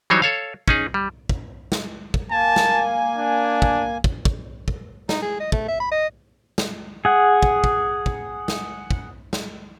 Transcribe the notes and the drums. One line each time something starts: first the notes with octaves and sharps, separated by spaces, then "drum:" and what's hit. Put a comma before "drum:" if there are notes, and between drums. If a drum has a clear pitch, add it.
E3 F#3 G3 D#4 C5 C#5
A4 C#5 F5
C#4 D#4 G#4, drum: kick
G3
drum: kick
drum: snare
drum: kick
A#3 G#5 A5
drum: snare
D4
drum: kick
drum: kick
drum: kick
drum: kick
D#4, drum: snare
G#4
D#5
A3, drum: kick
E5
B5
D#5
drum: snare
G#4 F#5
drum: kick
drum: kick
drum: kick
drum: snare
drum: kick
drum: snare